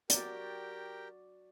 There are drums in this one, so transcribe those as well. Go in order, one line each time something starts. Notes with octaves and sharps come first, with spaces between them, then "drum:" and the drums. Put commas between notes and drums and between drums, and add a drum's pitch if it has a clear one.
F#4 G4 A#4 D5 G5, drum: hi-hat